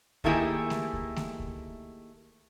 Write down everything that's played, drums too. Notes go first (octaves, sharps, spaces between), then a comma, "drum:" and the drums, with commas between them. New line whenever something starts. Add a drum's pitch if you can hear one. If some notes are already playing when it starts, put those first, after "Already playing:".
D#3 A3 A#3 E4 G4 G#4, drum: kick C#2
drum: snare A3
drum: kick C#2
drum: snare A3
drum: kick C#2